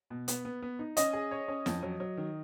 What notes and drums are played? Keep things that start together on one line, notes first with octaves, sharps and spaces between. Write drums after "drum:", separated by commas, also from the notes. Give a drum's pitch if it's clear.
B2
B3, drum: hi-hat
B3
B3
D#4
C#4 D#5, drum: hi-hat
G#4
C#5
C#4
F2, drum: snare
F#3
F#3
D#3